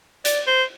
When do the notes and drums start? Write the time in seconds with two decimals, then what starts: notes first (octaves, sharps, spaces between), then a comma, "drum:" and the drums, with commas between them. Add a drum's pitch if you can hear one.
0.25 D5, drum: hi-hat
0.47 C5